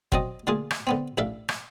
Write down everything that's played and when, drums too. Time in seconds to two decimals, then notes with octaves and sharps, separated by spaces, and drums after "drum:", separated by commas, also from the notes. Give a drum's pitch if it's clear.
0.12 F#3 C4 D5 D#5, drum: kick
0.47 D3 A3 A#3 F4 G#4
0.71 drum: rim click
0.87 D3 B3 C4
1.18 A1 D4 A4 E5 F5
1.49 drum: rim click